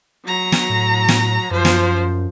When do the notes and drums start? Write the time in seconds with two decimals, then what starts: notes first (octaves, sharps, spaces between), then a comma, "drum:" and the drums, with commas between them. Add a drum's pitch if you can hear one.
0.25 F#3 A#5
0.52 drum: snare
0.69 A2
1.08 drum: snare
1.51 F#2 F3 C5
1.65 drum: snare